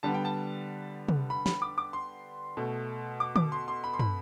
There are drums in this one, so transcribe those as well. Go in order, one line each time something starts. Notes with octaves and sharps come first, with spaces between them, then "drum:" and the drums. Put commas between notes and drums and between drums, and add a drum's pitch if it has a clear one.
D3 G3 B3 A5
G5
A5
drum: tom C3
B5
B5, drum: snare
D6
D6
C6
B2 A3
D6
D6, drum: tom
C6
C6
B5
C6
B5, drum: tom